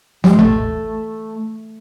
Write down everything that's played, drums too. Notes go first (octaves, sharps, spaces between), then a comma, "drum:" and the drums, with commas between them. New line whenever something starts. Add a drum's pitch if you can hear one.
G3, drum: snare
G#3
A3, drum: tom G1